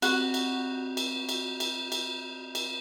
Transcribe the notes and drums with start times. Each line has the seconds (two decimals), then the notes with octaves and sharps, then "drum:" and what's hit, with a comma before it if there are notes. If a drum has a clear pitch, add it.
0.02 C4 F#4 G4, drum: cymbal
0.34 drum: cymbal
0.97 drum: cymbal
1.29 drum: cymbal
1.60 drum: cymbal
1.92 drum: cymbal
2.55 drum: cymbal